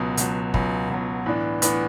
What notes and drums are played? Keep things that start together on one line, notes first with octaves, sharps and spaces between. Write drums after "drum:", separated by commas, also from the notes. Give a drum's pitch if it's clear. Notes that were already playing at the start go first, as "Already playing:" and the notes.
Already playing: C#2 B2 F#3
C#2 B2 F#3, drum: hi-hat
C#2 B2 F#3, drum: kick
C#2 B2 F#3
A2 E3 B3 D4
A2 E3 B3 D4, drum: hi-hat